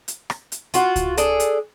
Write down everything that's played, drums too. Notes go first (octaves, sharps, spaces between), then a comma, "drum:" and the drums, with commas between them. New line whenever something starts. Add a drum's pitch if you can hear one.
drum: hi-hat
drum: rim click
drum: hi-hat
F4 F#4, drum: hi-hat
drum: kick C#2, hi-hat
D4 G#4 A4, drum: hi-hat
drum: hi-hat